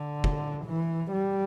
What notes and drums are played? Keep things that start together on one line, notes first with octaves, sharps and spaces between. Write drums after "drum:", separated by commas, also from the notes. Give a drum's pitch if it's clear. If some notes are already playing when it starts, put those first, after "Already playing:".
Already playing: D3
drum: kick
E3
G3